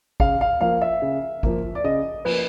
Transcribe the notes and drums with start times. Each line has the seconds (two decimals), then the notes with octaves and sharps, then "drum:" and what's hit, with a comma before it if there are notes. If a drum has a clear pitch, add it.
0.20 C#3 F5, drum: kick G#1
0.41 F5
0.61 F3 A#3 F5
0.82 E5
1.02 C#3
1.43 F3 A#3, drum: kick G#1
1.75 D5
1.84 C#3 D#5
2.25 F3 A#3 B4, drum: cymbal